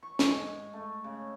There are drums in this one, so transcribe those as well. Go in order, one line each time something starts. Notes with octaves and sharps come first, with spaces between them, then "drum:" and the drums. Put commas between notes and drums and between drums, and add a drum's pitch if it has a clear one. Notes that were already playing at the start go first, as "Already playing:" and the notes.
C#6
G#2, drum: snare
A3
C#3